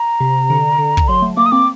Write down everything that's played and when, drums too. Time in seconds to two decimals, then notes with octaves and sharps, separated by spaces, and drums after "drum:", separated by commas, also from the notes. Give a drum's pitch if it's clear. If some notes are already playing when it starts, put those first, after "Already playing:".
Already playing: A#5
0.20 C3
0.50 D3
0.78 D3
0.97 drum: kick
1.08 F#3 C6
1.22 A3
1.37 A#3 D6
1.46 D#6
1.52 C4 D6